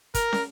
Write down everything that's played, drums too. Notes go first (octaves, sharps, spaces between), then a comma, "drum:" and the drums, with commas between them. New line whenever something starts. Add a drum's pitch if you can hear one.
A#4, drum: kick, hi-hat
drum: snare